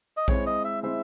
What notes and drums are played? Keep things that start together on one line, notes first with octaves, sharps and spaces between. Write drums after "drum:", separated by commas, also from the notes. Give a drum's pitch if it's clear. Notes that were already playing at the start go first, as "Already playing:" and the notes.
D#5
G#3 C4 E4 C5 C#5, drum: kick A#1
D#5
E5
G#3 C4 E4 C5 E5